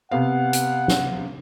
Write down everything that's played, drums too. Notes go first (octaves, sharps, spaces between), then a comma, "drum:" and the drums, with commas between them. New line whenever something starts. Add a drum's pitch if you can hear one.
C3 B3 F5 F#5
drum: hi-hat
drum: snare